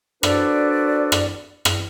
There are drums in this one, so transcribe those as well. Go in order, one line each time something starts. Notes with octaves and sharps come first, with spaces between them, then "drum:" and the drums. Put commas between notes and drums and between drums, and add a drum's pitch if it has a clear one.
D4 F#4 A4 B4 C5 D5, drum: rim click
drum: rim click
drum: rim click